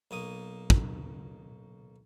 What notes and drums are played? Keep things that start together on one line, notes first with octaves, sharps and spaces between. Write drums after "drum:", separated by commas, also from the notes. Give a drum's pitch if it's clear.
B1 A#3 D#6
drum: kick